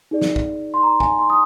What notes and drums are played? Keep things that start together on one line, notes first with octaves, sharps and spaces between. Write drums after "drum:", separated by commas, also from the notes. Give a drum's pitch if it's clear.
D#4 G#4 D5
drum: snare
drum: kick
C6
A#5
G#5, drum: kick
C6
D#6